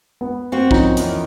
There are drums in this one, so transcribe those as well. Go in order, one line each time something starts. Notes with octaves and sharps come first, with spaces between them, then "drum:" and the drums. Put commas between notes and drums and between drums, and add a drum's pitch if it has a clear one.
B3
A#3 C4 F#4
F3 C#4 D#4, drum: kick A#1
E2 D#3, drum: hi-hat